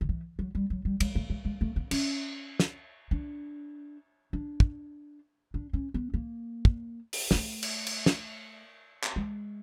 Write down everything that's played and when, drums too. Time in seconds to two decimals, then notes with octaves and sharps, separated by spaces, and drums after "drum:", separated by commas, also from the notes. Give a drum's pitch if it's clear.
0.01 D#3
0.09 E3
0.39 F#3
0.55 G3
0.70 F#3
0.85 G3
1.00 G#3, drum: cymbal
1.15 A3
1.30 G#3
1.45 G#3
1.61 A3
1.76 B3
1.91 C#4, drum: cymbal
2.60 drum: snare
3.11 D4
4.33 D4
4.60 drum: kick
5.54 D4
5.73 C#4
5.94 B3
6.14 A#3
6.65 drum: kick
7.13 drum: open hi-hat
7.31 A#3, drum: snare
7.35 A3
7.63 drum: cymbal
7.87 drum: cymbal
8.06 drum: snare
9.04 drum: clap
9.16 G#3